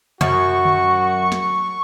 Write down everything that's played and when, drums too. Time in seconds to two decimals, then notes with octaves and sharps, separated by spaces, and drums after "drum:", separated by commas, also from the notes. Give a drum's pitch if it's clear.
0.21 F#2 F#4 C#6, drum: tom C3
0.65 drum: tom D3
1.32 drum: snare